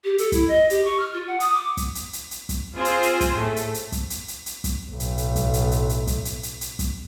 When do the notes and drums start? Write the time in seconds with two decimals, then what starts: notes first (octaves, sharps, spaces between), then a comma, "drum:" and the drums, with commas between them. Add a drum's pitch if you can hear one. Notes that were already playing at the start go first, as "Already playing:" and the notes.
0.04 G4
0.18 A4, drum: hi-hat
0.32 E4, drum: kick, hi-hat
0.48 D#5
0.70 G4, drum: hi-hat
0.84 C#6
1.00 F6
1.13 F4
1.27 F#5
1.40 D#6, drum: hi-hat
1.54 D6
1.77 drum: kick, hi-hat
1.95 drum: hi-hat
2.13 drum: hi-hat
2.31 drum: hi-hat
2.49 drum: kick, hi-hat
2.76 C4 F4 G#4 C5
2.85 drum: hi-hat
3.03 drum: hi-hat
3.21 drum: kick, hi-hat
3.34 A2 A3
3.56 drum: hi-hat
3.74 drum: hi-hat
3.92 drum: kick, hi-hat
4.10 drum: hi-hat
4.28 drum: hi-hat
4.46 drum: hi-hat
4.64 drum: kick, hi-hat
4.91 B1 A2
5.00 drum: hi-hat
5.18 drum: hi-hat
5.36 drum: kick, hi-hat
5.53 drum: hi-hat
5.71 drum: hi-hat
5.89 drum: hi-hat
6.07 drum: kick, hi-hat
6.25 drum: hi-hat
6.43 drum: hi-hat
6.61 drum: hi-hat
6.79 drum: kick, hi-hat